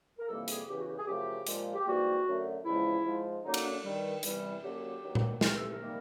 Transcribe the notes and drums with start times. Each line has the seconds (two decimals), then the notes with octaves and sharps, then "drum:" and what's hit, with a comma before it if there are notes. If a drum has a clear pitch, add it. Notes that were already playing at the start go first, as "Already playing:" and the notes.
0.19 A#4
0.28 F2 C3 E3 G3 A#3 A4
0.48 G#4, drum: hi-hat
0.69 E2 C#3 E3 G4
0.79 F#4
0.88 G4
0.98 G#4
1.07 F#2 C#3 F3 A3 G4
1.47 A#2 F3 G#3, drum: hi-hat
1.74 G4
1.87 G#2 E3 G3 A#3 F#4
2.26 F#2 D3 F#3 A3
2.65 E2 C#3 F3 G#3 E4
3.05 G#2 F3 G#3
3.44 F#2 D3 F#3 A#3 D#4
3.54 drum: cymbal
3.64 D4
3.83 G2 D#3 G3
4.23 E2 C3 E3 G3, drum: hi-hat
4.63 F#2 D3 F#3 A#3 G4
5.02 G2 D#3 F#3 A#3
5.15 drum: tom A#2
5.41 C3 E3 A3 A#4, drum: snare
5.55 A4
5.69 A#4
5.81 C3 D#3 G3 A#3